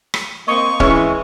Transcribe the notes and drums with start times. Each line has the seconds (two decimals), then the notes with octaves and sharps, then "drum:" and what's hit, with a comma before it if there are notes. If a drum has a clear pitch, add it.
0.14 drum: rim click
0.47 A#3 C4 D#5 C#6
0.80 E3 G#3 C#4 E4 C#5, drum: kick